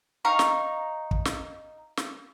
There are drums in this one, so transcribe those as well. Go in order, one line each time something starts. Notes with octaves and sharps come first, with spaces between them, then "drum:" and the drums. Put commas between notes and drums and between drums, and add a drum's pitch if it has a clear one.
D#4 F5 A#5 C#6
drum: snare
drum: kick
drum: snare
drum: snare